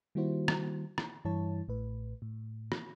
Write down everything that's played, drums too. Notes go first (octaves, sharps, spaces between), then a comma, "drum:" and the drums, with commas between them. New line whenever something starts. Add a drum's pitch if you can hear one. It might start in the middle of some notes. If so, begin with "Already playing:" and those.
D#3 G3 A#3 E4 F#4 C5
drum: rim click
drum: rim click
G2 E3 E4 C#5 A5
A1 A2 B4
A2
drum: rim click